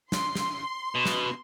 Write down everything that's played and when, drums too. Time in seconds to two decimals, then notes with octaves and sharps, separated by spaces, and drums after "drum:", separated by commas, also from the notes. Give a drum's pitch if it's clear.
0.12 C6, drum: snare
0.35 drum: snare
0.95 B2
1.06 drum: snare